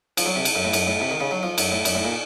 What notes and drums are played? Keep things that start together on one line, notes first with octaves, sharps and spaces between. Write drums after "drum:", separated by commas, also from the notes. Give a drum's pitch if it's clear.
F3, drum: cymbal
F#3
C3
drum: cymbal
F#2
A2
F#2, drum: cymbal
A2
C3
D#3
C#3
F#3
F3
F#2, drum: cymbal
A2
F#2, drum: cymbal
A2
A#2